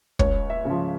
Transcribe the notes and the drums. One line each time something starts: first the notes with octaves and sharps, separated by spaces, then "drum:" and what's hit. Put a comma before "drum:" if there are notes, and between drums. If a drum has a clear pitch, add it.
C#2 C#5, drum: kick
E5
C#3 F3